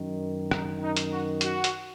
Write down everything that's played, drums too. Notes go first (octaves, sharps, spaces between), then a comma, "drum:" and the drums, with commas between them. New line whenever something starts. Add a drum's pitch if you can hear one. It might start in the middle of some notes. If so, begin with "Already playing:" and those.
Already playing: F#2 D#3
D#4, drum: rim click
D#4
drum: hi-hat
F#4
F#4, drum: hi-hat
drum: hi-hat